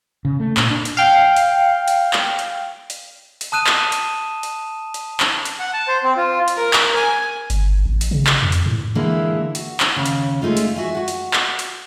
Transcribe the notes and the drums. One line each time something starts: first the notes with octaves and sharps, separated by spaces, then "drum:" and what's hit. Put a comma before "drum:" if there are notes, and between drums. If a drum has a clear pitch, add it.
C#3
A3
A#2, drum: clap
D4
drum: hi-hat
F5 G5
drum: hi-hat
drum: hi-hat
drum: clap
drum: hi-hat
drum: hi-hat
drum: hi-hat
A5 D#6 F#6 D#7 E7
drum: clap
drum: hi-hat
drum: hi-hat
drum: hi-hat
drum: clap
drum: hi-hat
F#5
A5
C5
C4
F4
drum: hi-hat
A#4
drum: clap
G#5
G1, drum: hi-hat
A1
drum: hi-hat
C#3
drum: clap
F2
drum: hi-hat
A2
D3 E3 G#3 A#3 E4
F#4, drum: hi-hat
drum: clap
D#2 C#3
drum: hi-hat
G#3 A3 D#4 F4
drum: hi-hat
F#4 E5 G#5
F#4 F#5
drum: hi-hat
drum: clap
drum: hi-hat